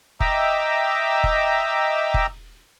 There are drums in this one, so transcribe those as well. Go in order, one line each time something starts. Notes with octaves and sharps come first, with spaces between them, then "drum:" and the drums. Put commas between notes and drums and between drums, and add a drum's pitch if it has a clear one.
D#5 E5 G5 A#5 D6 E6, drum: kick F1
drum: kick F1
drum: kick F1